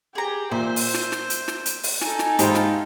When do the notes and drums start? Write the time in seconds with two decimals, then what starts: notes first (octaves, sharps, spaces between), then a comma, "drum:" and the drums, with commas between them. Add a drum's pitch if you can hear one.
0.15 G4 G#4 A#5
0.52 A#2 C5 E5
0.76 drum: open hi-hat
0.94 drum: snare
1.12 drum: snare
1.30 drum: hi-hat
1.48 drum: snare
1.66 drum: hi-hat
1.83 drum: open hi-hat
2.01 D#4 A4 G#5, drum: snare
2.19 drum: snare
2.39 G#2 E4 F4 G4 C5, drum: hi-hat
2.55 drum: snare